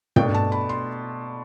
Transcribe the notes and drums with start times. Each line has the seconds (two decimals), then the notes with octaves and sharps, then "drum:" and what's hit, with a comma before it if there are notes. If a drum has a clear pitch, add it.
0.16 B2 A3 D4 G5, drum: tom
0.34 A5
0.52 B5
0.69 C6